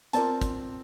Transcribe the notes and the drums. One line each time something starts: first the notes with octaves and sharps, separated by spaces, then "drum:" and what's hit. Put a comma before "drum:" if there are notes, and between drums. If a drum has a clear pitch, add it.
C4 F4 A#4 D5 A5, drum: hi-hat
drum: kick, hi-hat